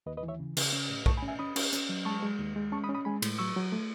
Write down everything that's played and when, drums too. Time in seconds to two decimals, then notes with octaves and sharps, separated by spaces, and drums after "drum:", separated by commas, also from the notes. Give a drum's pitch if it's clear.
0.06 D#2 B4 D#5
0.17 B4 D#5
0.23 E3
0.28 C#5 E5
0.40 C#3
0.57 C#3, drum: cymbal
0.73 C#4
0.89 A2
1.06 A2 A5 C#6, drum: kick
1.17 G#5 B5
1.23 C#4
1.28 E5 G#5
1.39 C#4 B5 D#6
1.56 C#4, drum: cymbal
1.73 C#4, drum: hi-hat
1.89 F#3
2.05 G#3 A5 C#6
2.22 G#3
2.39 D#2
2.56 G#3
2.72 C#4 A5 C#6
2.84 B5 D#6
2.89 C#4
2.94 B5 D#6
3.05 G#3 G#5 B5
3.22 A2, drum: cymbal
3.38 F#3 C#6 E6
3.56 F#3
3.72 A3